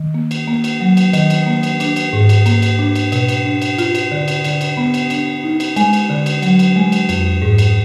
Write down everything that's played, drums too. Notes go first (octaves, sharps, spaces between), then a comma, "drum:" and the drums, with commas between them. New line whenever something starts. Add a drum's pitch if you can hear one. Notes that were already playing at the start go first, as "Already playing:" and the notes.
Already playing: D#3
A#3
drum: cymbal
A#3
drum: cymbal
F#3
drum: cymbal
D#3, drum: cymbal
drum: cymbal
A#3
drum: cymbal
D4, drum: cymbal
drum: cymbal
G#2
drum: cymbal
A#3, drum: cymbal
drum: cymbal
D4
drum: cymbal
B2, drum: cymbal
drum: cymbal
D4
drum: cymbal
F4, drum: cymbal
drum: cymbal
D3
drum: cymbal
D3, drum: cymbal
drum: cymbal
B3
drum: cymbal
D4, drum: cymbal
D#4
drum: cymbal
G#3, drum: cymbal
drum: cymbal
D3
drum: cymbal
F#3, drum: cymbal
drum: cymbal
G#3
drum: cymbal
F2, drum: cymbal
G#2
drum: cymbal